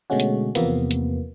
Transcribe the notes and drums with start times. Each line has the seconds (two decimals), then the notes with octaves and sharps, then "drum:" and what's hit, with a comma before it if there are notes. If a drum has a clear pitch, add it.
0.10 B2 D3 G#3 A3 C#4 F#4
0.20 drum: hi-hat
0.55 E2 C3 F3 A#3 B3, drum: hi-hat
0.91 drum: hi-hat